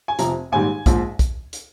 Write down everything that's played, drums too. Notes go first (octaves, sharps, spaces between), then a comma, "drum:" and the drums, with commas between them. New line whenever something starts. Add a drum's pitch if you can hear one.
G#5
F1 F2 C3 F3 A#5, drum: hi-hat
A#1 G#2 D#3 G3 G#5
A#1 G#2 F3, drum: kick B1, hi-hat
drum: kick B1, hi-hat
drum: hi-hat